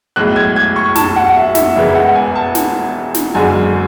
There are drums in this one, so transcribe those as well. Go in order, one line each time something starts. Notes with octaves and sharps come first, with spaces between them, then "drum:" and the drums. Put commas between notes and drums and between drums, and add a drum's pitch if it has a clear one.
B1 A2 G#3 F#6
G#6
G#6
C#6
A5, drum: snare
F#5
E5
E5, drum: snare
E1 E2 C#3 E3 G#3 E5
F#5
G#5
A5
drum: snare
drum: snare
F#1 F#2 D3 G#3 G#5